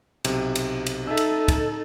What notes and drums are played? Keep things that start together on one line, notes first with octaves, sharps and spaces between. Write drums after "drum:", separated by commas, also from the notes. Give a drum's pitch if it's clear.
B1 C3, drum: cymbal
drum: cymbal
drum: cymbal
D#4 A4 E5 E6
drum: cymbal
drum: kick, cymbal